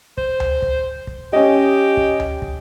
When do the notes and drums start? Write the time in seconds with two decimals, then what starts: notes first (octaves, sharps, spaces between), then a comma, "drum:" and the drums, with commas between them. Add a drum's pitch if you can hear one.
0.18 C5, drum: kick
0.40 drum: tom C#2
0.62 drum: kick
1.07 drum: kick
1.33 C#4 G4 D#5
1.97 drum: kick
2.20 drum: tom C#2
2.42 drum: kick